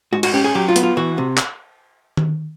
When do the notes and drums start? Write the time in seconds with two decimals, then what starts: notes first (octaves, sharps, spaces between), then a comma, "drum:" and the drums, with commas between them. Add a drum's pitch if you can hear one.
0.13 G#2 F#4
0.23 F#4, drum: cymbal
0.33 C#4 G4
0.44 G#4
0.55 F#3 G4
0.68 F4
0.76 B3, drum: hi-hat
0.83 F4
0.97 E3 F#4
1.18 C3
1.37 drum: clap
2.17 drum: tom D#3